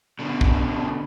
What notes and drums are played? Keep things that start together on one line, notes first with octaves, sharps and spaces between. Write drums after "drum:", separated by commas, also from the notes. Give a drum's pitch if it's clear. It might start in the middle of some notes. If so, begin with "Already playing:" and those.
B2 D3
drum: kick